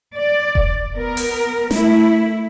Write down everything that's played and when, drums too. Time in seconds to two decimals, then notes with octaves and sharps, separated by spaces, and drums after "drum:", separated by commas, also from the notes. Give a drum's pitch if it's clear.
0.16 D5
0.55 drum: kick E1
0.95 B3 A#4
1.17 drum: open hi-hat
1.71 A3 E4, drum: snare